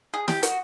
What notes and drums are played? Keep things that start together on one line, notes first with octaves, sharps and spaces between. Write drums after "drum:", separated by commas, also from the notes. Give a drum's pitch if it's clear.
G#4
G4, drum: snare
F#4, drum: hi-hat